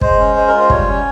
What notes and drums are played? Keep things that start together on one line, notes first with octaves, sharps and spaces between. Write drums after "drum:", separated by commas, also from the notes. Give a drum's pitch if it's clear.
G#3 C5, drum: kick
C#4
G#3
A#4
F4
C5
G3 C#5, drum: kick
C#4